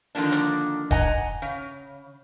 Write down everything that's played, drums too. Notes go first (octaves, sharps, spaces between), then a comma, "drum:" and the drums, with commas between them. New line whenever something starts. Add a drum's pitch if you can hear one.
D3 D#3 F3 A#3 D4
drum: hi-hat
D#5 F#5 G#5 A#5, drum: kick E1
C#3